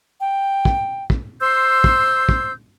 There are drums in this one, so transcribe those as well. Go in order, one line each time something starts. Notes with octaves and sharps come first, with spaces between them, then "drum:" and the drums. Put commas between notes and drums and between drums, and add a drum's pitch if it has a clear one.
G5
drum: kick
drum: kick
C5 C6 E6 G6
drum: kick
drum: kick